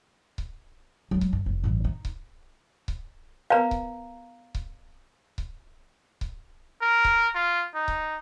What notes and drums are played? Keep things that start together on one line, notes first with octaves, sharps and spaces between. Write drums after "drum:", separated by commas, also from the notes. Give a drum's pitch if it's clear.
drum: kick C#1
F#3 G#3
drum: kick C#1
G2
F1
A1 G2
D#4
drum: kick C#1
drum: kick C#1
B3 A#4 B4 F5 A#5
drum: kick C#1
drum: kick C#1
drum: kick C#1
drum: kick C#1
A#4
drum: kick C#1
F4
D#4
drum: kick C#1